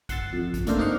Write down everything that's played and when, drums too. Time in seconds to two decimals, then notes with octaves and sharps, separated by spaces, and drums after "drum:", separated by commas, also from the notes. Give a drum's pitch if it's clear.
0.09 F#5 C6 E6 A6, drum: kick, hi-hat
0.33 F2
0.54 drum: kick, hi-hat
0.67 A3 A#3 D4 A4 A#4 C5, drum: kick, hi-hat
0.78 C4 D#4 D5 F5 F#5